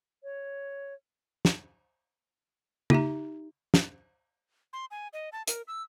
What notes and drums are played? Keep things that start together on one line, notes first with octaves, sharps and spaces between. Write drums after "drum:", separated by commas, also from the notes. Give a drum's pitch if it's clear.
C#5
drum: snare
D#4 G4 E5 A#5, drum: tom C#3
drum: snare
C6
G#5
D#5
A5
A#4, drum: hi-hat
E6